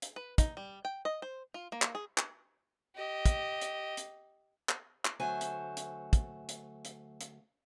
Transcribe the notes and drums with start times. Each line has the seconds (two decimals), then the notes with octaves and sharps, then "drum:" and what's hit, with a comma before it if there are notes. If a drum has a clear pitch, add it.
0.02 drum: hi-hat
0.16 B4
0.38 D#4, drum: kick, hi-hat
0.57 G3
0.85 G5
1.05 D#5
1.22 C5
1.54 F4
1.72 A#3
1.82 drum: clap
1.95 G#4
2.18 drum: clap
2.96 G4 D#5
3.26 drum: kick, hi-hat
3.61 drum: hi-hat
3.97 drum: hi-hat
4.69 drum: clap
5.05 drum: clap
5.20 D2 F#3 A3 C5 G#5
5.41 drum: hi-hat
5.77 drum: hi-hat
6.13 drum: kick, hi-hat
6.49 drum: hi-hat
6.85 drum: hi-hat
7.21 drum: hi-hat